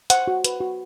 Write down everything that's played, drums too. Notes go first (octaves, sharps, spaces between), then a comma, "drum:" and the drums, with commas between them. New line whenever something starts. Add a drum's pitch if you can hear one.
C5 F#5, drum: hi-hat
F#4
B4, drum: hi-hat
F#4